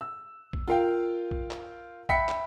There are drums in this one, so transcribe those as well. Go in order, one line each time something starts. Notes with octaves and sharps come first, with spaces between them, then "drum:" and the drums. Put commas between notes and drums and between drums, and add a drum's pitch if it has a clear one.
E6
drum: kick A#1
F4 A#4 F5 G5
drum: kick A#1
drum: clap
E5 G5 B5 B6 C#7, drum: kick A#1
drum: clap